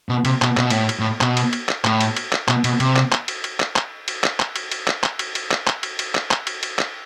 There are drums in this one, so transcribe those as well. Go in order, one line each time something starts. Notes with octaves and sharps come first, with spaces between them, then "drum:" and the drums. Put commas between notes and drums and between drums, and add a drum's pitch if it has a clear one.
B2
C3, drum: cymbal
B2, drum: clap
B2, drum: clap
A2, drum: cymbal
drum: cymbal
A2
B2, drum: clap
drum: cymbal
drum: cymbal
drum: clap
A2, drum: clap
drum: cymbal
drum: cymbal
drum: clap
B2, drum: clap
B2, drum: cymbal
C3, drum: cymbal
drum: clap
drum: clap
drum: cymbal
drum: cymbal
drum: clap
drum: clap
drum: cymbal
drum: clap
drum: clap
drum: cymbal
drum: cymbal
drum: clap
drum: clap
drum: cymbal
drum: cymbal
drum: clap
drum: clap
drum: cymbal
drum: cymbal
drum: clap
drum: clap
drum: cymbal
drum: cymbal
drum: clap